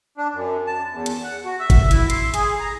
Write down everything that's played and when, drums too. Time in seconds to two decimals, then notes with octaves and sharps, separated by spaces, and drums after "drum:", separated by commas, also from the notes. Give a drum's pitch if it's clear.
0.17 D4
0.34 F#2
0.67 A5
0.93 E2
1.06 drum: hi-hat
1.24 F#5
1.45 F#4
1.60 E5
1.70 drum: kick G1, hi-hat
1.91 E4, drum: hi-hat
2.10 C6, drum: hi-hat
2.34 G#4, drum: hi-hat
2.60 A#5